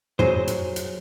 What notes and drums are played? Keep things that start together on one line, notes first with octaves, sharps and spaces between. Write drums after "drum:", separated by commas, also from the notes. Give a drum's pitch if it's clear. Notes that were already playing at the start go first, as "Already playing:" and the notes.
F#3 G#4 C5, drum: tom
drum: hi-hat
drum: hi-hat